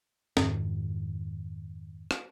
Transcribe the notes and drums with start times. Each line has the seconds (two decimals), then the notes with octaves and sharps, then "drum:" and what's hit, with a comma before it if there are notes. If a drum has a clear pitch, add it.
0.37 F2 G#2 D#3, drum: snare
2.11 drum: rim click